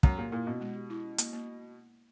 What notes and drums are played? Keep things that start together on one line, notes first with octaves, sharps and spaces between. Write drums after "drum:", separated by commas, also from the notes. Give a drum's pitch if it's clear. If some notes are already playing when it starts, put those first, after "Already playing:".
F#2 G#3, drum: kick
A#2 G4
A#2 E4
B2 C#4
G#3
G4
E4
C#4
A#3, drum: hi-hat
A#3